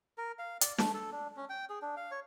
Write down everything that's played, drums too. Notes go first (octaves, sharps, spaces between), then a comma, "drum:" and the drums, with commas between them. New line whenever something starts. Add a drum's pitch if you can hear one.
A#4
F5
D5, drum: hi-hat
A3, drum: snare
A4
D4
C#4
G5
G#4
D4
F5
C#5